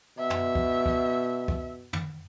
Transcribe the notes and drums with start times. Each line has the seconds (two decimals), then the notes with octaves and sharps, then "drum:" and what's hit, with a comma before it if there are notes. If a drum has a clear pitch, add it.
0.19 B2 E5
0.30 drum: tom
0.55 drum: kick
0.86 drum: kick
1.48 drum: kick
1.93 drum: tom